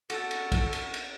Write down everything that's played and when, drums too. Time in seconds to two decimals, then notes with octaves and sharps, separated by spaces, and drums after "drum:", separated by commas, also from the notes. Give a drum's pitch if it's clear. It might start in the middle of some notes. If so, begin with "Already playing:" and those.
0.10 F#4 A4, drum: cymbal
0.31 drum: cymbal
0.52 drum: kick, cymbal
0.73 drum: cymbal
0.94 drum: cymbal